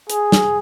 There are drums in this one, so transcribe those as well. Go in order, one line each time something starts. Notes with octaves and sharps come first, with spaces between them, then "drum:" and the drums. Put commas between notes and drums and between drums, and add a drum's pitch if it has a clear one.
G#4, drum: hi-hat
drum: snare